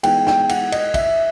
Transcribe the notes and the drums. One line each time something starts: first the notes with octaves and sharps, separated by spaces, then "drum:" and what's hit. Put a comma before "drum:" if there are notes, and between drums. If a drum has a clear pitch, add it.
E3 G#3 B3 D#4 G5, drum: cymbal
G5, drum: snare
F#5, drum: cymbal
D#5, drum: cymbal
E5, drum: kick, cymbal